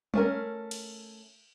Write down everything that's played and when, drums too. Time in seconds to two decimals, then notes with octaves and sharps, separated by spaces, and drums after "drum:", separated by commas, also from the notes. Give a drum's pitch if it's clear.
0.14 A3 C#4 A#4, drum: tom
0.71 drum: cymbal